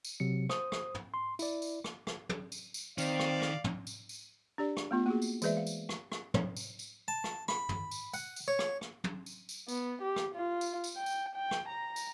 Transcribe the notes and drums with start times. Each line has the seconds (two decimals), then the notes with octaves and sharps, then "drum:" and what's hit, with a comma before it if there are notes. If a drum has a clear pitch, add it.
0.05 drum: tambourine
0.20 C3 F#3 C#7
0.49 C5 D#6, drum: rim click
0.72 drum: rim click
0.94 drum: tom
1.14 C6
1.39 E4 D5, drum: tambourine
1.62 drum: tambourine
1.84 drum: rim click
2.07 drum: rim click
2.29 drum: tom
2.52 drum: tambourine
2.74 drum: tambourine
2.98 D#3 C4 D5 F5, drum: tambourine
3.19 drum: rim click
3.42 drum: rim click
3.64 drum: tom
3.87 drum: tambourine
4.09 drum: tambourine
4.58 D4 G4 D5
4.77 drum: rim click
4.91 A3 B3 F4
5.06 A#3 F#4 G#4
5.22 drum: tambourine
5.42 E3 G#3 G#4 B4 D5 E5, drum: tambourine
5.57 F5
5.67 drum: tambourine
5.89 drum: rim click
6.12 drum: rim click
6.34 drum: tom
6.57 drum: tambourine
6.79 drum: tambourine
7.08 A5
7.24 drum: rim click
7.48 B5, drum: rim click
7.69 drum: tom
7.91 drum: tambourine
8.14 F#5, drum: tambourine
8.36 drum: tambourine
8.48 C#5
8.59 drum: rim click
8.81 drum: rim click
9.04 drum: tom
9.26 drum: tambourine
9.49 drum: tambourine
9.68 B3, drum: tambourine
10.02 G4
10.16 drum: rim click
10.35 F4
10.61 drum: tambourine
10.84 drum: tambourine
10.97 G5
11.06 drum: tambourine
11.35 G5
11.51 drum: rim click
11.69 A#5
11.96 drum: tambourine